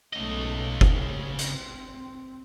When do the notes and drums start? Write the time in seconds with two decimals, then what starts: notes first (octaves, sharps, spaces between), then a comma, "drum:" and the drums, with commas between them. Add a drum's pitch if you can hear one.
0.13 B1 G#2 C#3 A3 D#5
0.81 drum: kick F#1
1.39 C4, drum: hi-hat